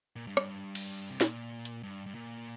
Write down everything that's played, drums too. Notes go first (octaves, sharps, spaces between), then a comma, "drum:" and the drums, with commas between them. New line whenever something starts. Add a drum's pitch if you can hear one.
A#2
G2
drum: rim click
drum: cymbal
C3
A#2, drum: snare
drum: hi-hat
G2
G2
A#2